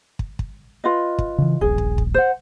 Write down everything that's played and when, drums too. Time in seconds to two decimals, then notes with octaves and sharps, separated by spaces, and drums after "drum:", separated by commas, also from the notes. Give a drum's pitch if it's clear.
0.19 drum: kick
0.39 drum: kick
0.84 F4 B4 D#5
1.19 drum: kick
1.38 C#3 E3
1.61 D#1 A#1 G#4
1.78 drum: kick
1.98 drum: kick
2.14 C5 F#5